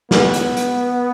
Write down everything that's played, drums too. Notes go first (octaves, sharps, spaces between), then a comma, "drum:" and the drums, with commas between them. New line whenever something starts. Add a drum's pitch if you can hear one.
B3, drum: snare
drum: hi-hat
drum: hi-hat